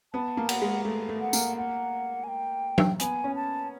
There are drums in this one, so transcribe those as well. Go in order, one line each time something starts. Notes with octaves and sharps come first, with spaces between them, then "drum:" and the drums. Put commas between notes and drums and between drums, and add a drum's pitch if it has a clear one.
B3 A5
A#3
F#5, drum: cymbal
G#3
A3
A3
F#5
A#3, drum: tambourine
F#5
G#5
G5
drum: tom F#3
B3 G#5, drum: hi-hat
C#4
A5